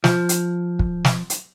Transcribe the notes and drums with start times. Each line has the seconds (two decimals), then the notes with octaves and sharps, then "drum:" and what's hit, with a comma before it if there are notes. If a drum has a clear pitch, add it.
0.04 F3, drum: snare
0.29 drum: hi-hat
0.79 drum: kick
1.05 drum: snare
1.30 drum: hi-hat